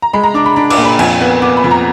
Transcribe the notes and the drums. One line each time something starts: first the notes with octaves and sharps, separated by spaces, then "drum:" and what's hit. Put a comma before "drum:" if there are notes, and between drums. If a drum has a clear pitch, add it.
A#5
G#3 B5
A#5
D4 D6
B5
D4 B5
D6, drum: cymbal
A#2
B5
F2 G#5, drum: cymbal
B3
B3 D6
B5
F2
A#5